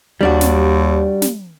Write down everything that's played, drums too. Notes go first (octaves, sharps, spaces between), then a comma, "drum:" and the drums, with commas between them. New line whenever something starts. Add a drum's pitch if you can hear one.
D#2 G3 D4 F#4
drum: snare
drum: snare